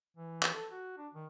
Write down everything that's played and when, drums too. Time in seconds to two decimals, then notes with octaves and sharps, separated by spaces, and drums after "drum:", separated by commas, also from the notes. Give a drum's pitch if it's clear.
0.17 E3
0.42 drum: clap
0.53 A4
0.71 F#4
0.98 D4
1.14 D#3